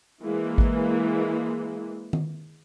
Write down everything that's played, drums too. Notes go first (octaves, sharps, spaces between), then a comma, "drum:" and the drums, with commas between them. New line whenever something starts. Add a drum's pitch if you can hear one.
E3 G#3 A#3
drum: kick G#1
drum: tom D#3